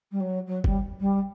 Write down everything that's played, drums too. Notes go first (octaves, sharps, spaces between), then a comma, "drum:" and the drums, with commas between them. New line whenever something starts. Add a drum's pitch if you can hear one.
G3
F#3
F#3
G3, drum: kick F#1
G3